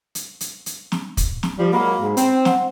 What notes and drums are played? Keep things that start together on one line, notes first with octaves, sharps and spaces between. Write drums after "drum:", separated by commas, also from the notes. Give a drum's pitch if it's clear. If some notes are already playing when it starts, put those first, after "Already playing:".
drum: hi-hat
drum: hi-hat
drum: hi-hat
drum: snare
drum: kick, hi-hat
drum: snare
F3 G3
F#3 G#3 A#3 B5
G#2
C4 G5, drum: hi-hat
F#5, drum: snare